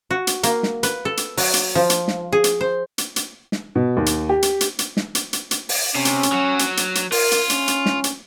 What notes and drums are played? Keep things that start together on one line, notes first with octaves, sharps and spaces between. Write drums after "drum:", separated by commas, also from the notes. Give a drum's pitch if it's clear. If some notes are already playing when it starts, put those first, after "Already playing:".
F#4
drum: hi-hat
A#3, drum: hi-hat
drum: snare
B4, drum: hi-hat
A4
drum: hi-hat
F#3, drum: open hi-hat
drum: hi-hat
F3
drum: hi-hat
drum: snare
G#4
drum: hi-hat
C5
drum: hi-hat
drum: hi-hat
drum: snare
B2
D#2
drum: hi-hat
G4
drum: hi-hat
drum: hi-hat
drum: hi-hat
drum: snare
drum: hi-hat
drum: hi-hat
drum: hi-hat
drum: open hi-hat
C3 C#4
drum: hi-hat
drum: hi-hat
F#3 F#4
drum: hi-hat
drum: hi-hat
drum: hi-hat
F4 A#4, drum: open hi-hat
drum: hi-hat
C#4, drum: hi-hat
drum: hi-hat
drum: snare
drum: hi-hat